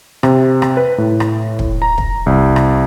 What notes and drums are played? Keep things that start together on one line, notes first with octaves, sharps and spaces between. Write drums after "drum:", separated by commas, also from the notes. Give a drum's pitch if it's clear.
C3, drum: rim click
drum: rim click
B4
A2
drum: rim click
drum: kick
A#5
drum: kick
C2
drum: rim click